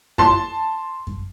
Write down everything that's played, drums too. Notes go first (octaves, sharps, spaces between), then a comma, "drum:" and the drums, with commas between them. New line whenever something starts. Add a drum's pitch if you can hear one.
A5 C6, drum: kick F#2
drum: kick F#2